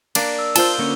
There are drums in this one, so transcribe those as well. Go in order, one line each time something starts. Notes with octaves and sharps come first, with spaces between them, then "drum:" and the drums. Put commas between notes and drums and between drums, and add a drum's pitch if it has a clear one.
A#3 D4, drum: cymbal
E6
F4 C5 A5 E6 G7, drum: cymbal
D3 A#3 C#4